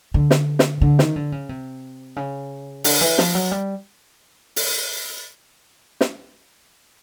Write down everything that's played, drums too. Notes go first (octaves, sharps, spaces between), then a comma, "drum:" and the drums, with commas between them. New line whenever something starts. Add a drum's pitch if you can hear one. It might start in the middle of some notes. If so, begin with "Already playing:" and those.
D3
drum: snare
drum: snare
D3
D#3, drum: snare
D3
C#3
C3
C#3
D3, drum: open hi-hat
E3
F3, drum: snare
F#3
G3
drum: open hi-hat
drum: snare